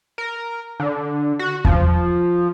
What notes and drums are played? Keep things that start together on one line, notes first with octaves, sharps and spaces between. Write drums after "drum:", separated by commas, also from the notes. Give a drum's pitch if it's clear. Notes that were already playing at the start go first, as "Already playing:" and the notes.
A#4
D3
F#4
F3, drum: kick E2